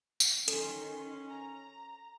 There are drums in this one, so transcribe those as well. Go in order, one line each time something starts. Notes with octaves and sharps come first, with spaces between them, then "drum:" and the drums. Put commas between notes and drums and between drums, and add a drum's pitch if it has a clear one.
drum: tambourine
D#3 C#4 A4 C6, drum: hi-hat
A#5